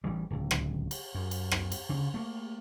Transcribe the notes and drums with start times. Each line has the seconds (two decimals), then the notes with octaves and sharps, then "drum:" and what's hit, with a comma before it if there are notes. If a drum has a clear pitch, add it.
0.04 A1 E3 G3
0.30 D1 C#2
0.51 drum: rim click
0.91 drum: cymbal
1.15 F#2
1.31 drum: cymbal
1.51 drum: rim click
1.72 drum: cymbal
1.89 D2 C#3
2.14 A3 A#3